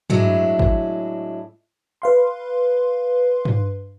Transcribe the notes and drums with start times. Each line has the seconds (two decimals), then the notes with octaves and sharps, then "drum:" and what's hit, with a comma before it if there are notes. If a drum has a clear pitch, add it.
0.10 A2 F#3 G#3 D4 E4, drum: tom G2
0.59 drum: kick G#1
2.02 B4 F5 C6
3.45 drum: tom G2